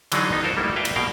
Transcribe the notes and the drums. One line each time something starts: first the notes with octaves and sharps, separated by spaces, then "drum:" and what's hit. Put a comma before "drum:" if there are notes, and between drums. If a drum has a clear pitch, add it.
D3 E3 F#3 D4 D#4 G#4, drum: cymbal
D#3 B3 D#4
F4 A4 A#4 C5 D#5
G3 A3 A#3 E4 F#4
A#4 B4 E5 F5 G5 A5
drum: cymbal
B2 A#3 A#4 F5 G5